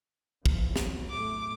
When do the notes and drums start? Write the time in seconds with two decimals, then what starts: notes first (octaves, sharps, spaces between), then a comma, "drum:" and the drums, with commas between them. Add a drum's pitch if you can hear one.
0.46 E2 F3, drum: kick
0.76 E2 F#3, drum: snare
1.10 A2 A3 D6